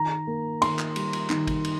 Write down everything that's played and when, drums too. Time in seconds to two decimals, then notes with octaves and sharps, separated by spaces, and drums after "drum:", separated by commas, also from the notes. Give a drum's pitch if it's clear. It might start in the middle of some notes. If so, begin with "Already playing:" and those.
Already playing: D#3 A#5
0.27 A#3
0.62 D#3 C6, drum: cymbal
0.79 drum: clap
0.96 G3, drum: cymbal
1.13 drum: cymbal
1.30 D#3, drum: clap
1.47 drum: kick, cymbal
1.65 drum: cymbal